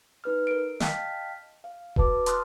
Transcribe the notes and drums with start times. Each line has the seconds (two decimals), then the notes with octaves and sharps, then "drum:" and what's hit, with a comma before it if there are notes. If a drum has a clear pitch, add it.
0.24 D#4 B4 F6
0.47 A#4 D7
0.80 D#5 F5 G5 A5 F6 B6, drum: snare
1.64 F5
1.96 F#4 B4 A5 D6, drum: kick D#1
2.26 A5 C6 D#6 F6 F#6, drum: hi-hat